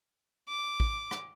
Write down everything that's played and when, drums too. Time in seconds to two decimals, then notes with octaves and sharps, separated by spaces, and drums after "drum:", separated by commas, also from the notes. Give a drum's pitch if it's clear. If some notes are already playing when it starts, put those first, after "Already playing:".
0.48 D6
0.80 drum: kick
1.11 drum: rim click